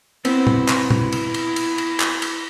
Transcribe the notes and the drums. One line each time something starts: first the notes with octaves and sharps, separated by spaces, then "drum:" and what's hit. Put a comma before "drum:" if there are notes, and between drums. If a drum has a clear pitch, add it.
B3 C4 E4, drum: cymbal
drum: tom
drum: clap
drum: tom
drum: cymbal
drum: cymbal
drum: cymbal
drum: cymbal
drum: clap
drum: cymbal